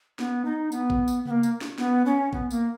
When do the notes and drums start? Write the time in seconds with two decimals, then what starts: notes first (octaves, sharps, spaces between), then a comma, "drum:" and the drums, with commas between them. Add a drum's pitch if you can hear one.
0.19 B3, drum: snare
0.45 D#4
0.72 B3, drum: tambourine
0.90 drum: kick A1
1.08 drum: tambourine
1.25 B3, drum: tom C3
1.30 A#3
1.43 drum: tambourine
1.61 drum: snare
1.78 B3, drum: snare
2.06 C#4
2.33 B3, drum: kick A1
2.51 A#3, drum: tambourine